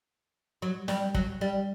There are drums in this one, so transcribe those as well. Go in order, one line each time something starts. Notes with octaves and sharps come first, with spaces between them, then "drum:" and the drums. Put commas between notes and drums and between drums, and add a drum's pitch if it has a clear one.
F#3
G3, drum: snare
F#3, drum: kick
G3